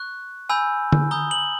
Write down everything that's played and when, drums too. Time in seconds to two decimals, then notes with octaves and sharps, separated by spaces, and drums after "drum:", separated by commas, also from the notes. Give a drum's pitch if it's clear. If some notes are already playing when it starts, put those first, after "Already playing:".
Already playing: C#6 F#6
0.49 G#5 B5 E6 G6
0.92 drum: tom D3
1.11 A#5 D#6 G6 G7
1.31 F#7